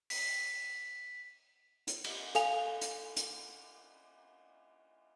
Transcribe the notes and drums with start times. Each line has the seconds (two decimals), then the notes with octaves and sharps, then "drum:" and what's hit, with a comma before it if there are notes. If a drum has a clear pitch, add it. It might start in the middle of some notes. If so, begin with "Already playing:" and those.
0.10 B6, drum: open hi-hat
1.88 drum: hi-hat
2.04 drum: cymbal
2.35 A4 F5 G#5 F7, drum: hi-hat
2.81 drum: hi-hat
3.17 drum: hi-hat